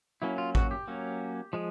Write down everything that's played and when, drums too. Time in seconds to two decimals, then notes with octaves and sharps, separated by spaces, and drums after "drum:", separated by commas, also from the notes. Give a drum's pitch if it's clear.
0.22 F#3 A#3 C#4 E4
0.38 F4
0.55 F#4, drum: kick A1
0.71 G4
0.88 F#3 A#3 C#4
1.53 F3 G#3